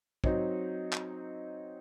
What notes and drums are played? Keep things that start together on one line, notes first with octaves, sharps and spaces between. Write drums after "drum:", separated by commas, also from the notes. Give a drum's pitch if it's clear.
F#3 C4 D#4, drum: kick
drum: clap